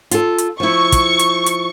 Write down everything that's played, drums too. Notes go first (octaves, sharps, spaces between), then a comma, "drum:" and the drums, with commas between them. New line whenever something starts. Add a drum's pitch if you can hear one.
F4 A4, drum: hi-hat
drum: hi-hat
F3 E4 C#6
drum: kick, hi-hat
drum: hi-hat
drum: hi-hat